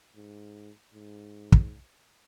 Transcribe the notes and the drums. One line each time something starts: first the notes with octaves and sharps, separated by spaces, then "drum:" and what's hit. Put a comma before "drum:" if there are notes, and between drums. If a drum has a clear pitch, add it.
G#2
G#2
drum: kick